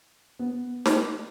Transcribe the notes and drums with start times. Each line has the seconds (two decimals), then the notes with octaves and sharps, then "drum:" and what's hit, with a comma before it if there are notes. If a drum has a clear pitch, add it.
0.39 B3
0.86 F4, drum: snare